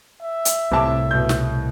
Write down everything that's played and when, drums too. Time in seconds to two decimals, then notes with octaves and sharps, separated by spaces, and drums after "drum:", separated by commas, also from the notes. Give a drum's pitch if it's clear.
0.23 E5
0.45 drum: hi-hat
0.71 C2 A2 C3 A5 D6
1.11 B2 G6
1.29 drum: snare